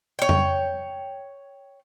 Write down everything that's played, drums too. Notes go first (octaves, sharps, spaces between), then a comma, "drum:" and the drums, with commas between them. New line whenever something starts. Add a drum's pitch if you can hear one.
C#5 G5
drum: tom F2